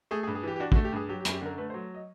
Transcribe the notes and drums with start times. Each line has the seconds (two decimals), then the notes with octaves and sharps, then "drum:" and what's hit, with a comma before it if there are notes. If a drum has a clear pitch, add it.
0.11 A3 G#4
0.23 G#4
0.27 G2
0.35 G#4
0.43 E3 G4
0.56 G4
0.60 D4 F#4
0.72 F#4, drum: kick
0.75 A3
0.84 G4
0.92 G2 G#4
1.09 F#3 G4
1.20 G4
1.25 F#2, drum: hi-hat
1.34 G4
1.41 D3 A#4
1.58 A3 B4
1.70 C5
1.74 F#3
1.94 D#5